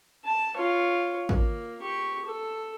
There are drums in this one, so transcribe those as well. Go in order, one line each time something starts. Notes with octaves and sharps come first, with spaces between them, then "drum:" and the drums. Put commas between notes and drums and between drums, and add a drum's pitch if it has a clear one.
A5
F4 C#5
A#3, drum: kick
G4 C#6
A4